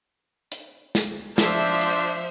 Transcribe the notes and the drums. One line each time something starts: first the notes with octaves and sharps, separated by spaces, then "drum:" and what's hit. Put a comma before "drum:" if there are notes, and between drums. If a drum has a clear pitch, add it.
drum: hi-hat
drum: snare
F3 D4 C5 E5, drum: snare
drum: hi-hat